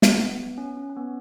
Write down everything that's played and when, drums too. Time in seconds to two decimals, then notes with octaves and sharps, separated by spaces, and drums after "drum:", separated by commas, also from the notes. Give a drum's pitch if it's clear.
0.02 drum: snare
0.18 B3
0.38 B3
0.58 C#4
0.77 C#4
0.90 C#4
0.97 B3